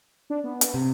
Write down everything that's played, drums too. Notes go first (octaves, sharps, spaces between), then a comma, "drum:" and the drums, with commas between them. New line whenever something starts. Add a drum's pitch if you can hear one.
D4
B3
drum: hi-hat
C3